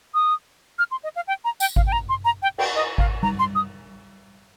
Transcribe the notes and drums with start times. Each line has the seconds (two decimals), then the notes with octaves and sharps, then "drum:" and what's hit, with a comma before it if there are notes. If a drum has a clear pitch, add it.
0.14 D#6
0.79 F6
0.91 C6
1.03 D#5
1.16 F5
1.28 G5
1.44 A#5
1.60 G5, drum: tambourine
1.76 F5, drum: kick G#1
1.87 G5
1.92 A#5
2.09 C6
2.25 A#5
2.42 G5
2.58 G5, drum: cymbal
2.75 D#5
2.98 F5, drum: kick G#1
3.23 A#5, drum: tom G3
3.39 C6
3.55 D#6